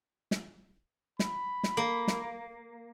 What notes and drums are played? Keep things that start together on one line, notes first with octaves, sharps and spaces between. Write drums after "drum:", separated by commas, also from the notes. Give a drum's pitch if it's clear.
drum: snare
B5, drum: snare
drum: snare
A#3
drum: snare